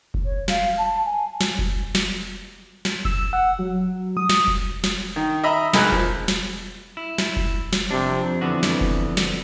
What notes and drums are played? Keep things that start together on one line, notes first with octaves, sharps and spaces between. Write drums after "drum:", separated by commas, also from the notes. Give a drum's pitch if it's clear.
drum: kick F1
C#5
F5, drum: snare
A5
G#5
drum: snare
drum: kick F1
drum: snare
drum: snare
E6, drum: kick F1
F#5
F#3
D#6
drum: snare
drum: kick F1
drum: snare
D#3
D#5 E5 A#5 B5 D#6
B1 G#3 A#4 G#5 B5 F#6, drum: snare
F3, drum: kick F1
drum: snare
E4
drum: snare
drum: kick F1
drum: snare
F2 C3 D4
D3 E3 B3 F#4
drum: snare
drum: kick F1
drum: snare